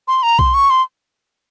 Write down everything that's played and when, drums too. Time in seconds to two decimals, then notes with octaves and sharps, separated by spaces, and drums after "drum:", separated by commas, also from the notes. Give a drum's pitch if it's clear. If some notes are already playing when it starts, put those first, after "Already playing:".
0.08 C6
0.23 A#5
0.39 C6, drum: kick B1
0.54 C#6
0.70 C6